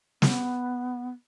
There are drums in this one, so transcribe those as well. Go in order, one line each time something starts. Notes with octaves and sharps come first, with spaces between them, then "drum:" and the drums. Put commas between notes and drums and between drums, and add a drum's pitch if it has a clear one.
B3, drum: snare